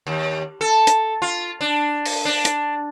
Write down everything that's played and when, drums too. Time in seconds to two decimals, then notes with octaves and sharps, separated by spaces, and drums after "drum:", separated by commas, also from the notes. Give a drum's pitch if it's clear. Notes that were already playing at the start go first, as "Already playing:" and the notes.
0.07 D#2
0.61 A4
0.87 drum: hi-hat
1.22 F4
1.61 D4
2.06 drum: open hi-hat
2.25 D4
2.45 drum: hi-hat